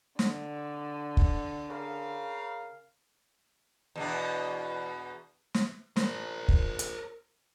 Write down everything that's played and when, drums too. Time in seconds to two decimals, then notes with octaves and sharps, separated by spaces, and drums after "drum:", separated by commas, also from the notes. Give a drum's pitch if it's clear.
0.19 D3, drum: snare
1.17 drum: kick
1.70 C#3 A#4 F5
3.96 E2 B2 D4
5.54 drum: snare
5.96 A#4 C5, drum: snare
6.48 drum: kick
6.79 drum: hi-hat